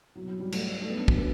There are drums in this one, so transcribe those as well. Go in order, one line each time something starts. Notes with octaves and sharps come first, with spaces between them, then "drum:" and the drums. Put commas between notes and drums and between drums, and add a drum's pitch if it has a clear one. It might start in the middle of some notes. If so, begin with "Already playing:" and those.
C2 B2 F#3
F#3
G3
A3, drum: cymbal
A3
B3
D4
F#4, drum: kick
B4